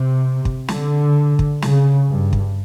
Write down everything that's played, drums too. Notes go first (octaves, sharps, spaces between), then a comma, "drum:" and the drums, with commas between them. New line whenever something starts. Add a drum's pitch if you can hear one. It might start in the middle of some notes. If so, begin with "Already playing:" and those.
Already playing: C3
drum: kick
D3, drum: snare
drum: kick
C#3, drum: snare
G2
drum: kick